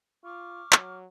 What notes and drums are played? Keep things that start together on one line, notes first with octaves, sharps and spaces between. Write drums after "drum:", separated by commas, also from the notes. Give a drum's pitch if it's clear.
F4 C#6 D6 F6
F#3, drum: clap